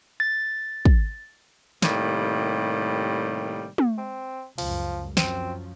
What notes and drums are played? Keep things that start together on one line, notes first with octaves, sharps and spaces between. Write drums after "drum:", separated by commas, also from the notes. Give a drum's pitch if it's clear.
A6
drum: kick
A2 C3 D#3 G3 A#3, drum: snare
drum: tom
C4
C#2 F#2 F3, drum: open hi-hat
F#2 F3 C4, drum: snare